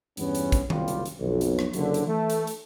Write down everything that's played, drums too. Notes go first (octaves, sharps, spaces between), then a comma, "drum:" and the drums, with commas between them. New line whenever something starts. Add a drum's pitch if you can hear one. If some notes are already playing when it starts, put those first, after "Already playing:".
E2 G2 B3 C#4, drum: hi-hat
drum: hi-hat
drum: kick, hi-hat
F#1 C2 G3 F4 G4, drum: tom D#3
drum: hi-hat
drum: hi-hat
B1 F2
drum: hi-hat
drum: rim click
F#1 F#2 D3, drum: hi-hat
drum: hi-hat
E3 A3
drum: hi-hat
drum: hi-hat